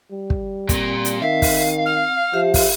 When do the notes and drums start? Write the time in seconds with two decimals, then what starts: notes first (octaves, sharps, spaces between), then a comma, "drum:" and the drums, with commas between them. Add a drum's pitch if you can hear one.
0.11 G3
0.30 drum: kick
0.69 A#2 A#3 C4, drum: kick, hi-hat
1.05 drum: hi-hat
1.22 D#3 E5 F5
1.42 drum: kick, open hi-hat
1.86 F6
2.33 F3 G4 E5
2.54 drum: kick, open hi-hat